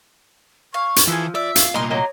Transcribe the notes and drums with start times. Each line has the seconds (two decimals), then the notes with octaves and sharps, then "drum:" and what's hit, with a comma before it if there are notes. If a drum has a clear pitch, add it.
0.74 F5 C#6
0.96 drum: hi-hat
1.08 E3 F3 F4 G#4 A4
1.35 D5 E5
1.56 F5, drum: hi-hat
1.74 C2 A#2 A#3 D#5 A#5 C6
1.90 F#3 A#3 C#5 D#5